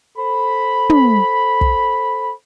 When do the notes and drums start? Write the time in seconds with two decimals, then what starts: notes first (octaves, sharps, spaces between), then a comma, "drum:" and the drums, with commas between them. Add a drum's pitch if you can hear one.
0.18 A4 C5 B5
0.90 drum: tom
1.61 drum: kick